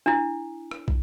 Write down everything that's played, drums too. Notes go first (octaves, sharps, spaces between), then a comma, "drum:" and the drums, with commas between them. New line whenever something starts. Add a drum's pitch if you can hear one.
D4 E4
drum: rim click
drum: kick